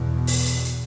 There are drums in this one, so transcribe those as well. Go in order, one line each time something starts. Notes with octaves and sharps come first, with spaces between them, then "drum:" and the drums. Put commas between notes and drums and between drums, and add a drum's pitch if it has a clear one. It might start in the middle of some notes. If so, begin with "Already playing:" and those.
Already playing: E2 B2
drum: open hi-hat
drum: hi-hat
drum: hi-hat